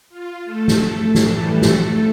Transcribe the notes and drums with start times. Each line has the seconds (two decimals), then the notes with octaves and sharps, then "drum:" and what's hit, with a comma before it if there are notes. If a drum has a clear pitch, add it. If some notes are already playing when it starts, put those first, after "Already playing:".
0.09 F4
0.44 A3 A4
0.68 drum: snare
1.15 A2 E3 G3, drum: snare
1.62 drum: snare